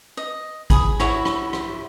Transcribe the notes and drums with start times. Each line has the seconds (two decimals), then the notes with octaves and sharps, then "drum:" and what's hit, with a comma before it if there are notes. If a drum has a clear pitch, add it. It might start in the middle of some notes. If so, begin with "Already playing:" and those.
0.17 D#5
0.70 G#4 B5 D#6, drum: kick G#1, hi-hat
1.00 E4 F#4 C#5 E5, drum: rim click
1.25 drum: rim click
1.53 drum: rim click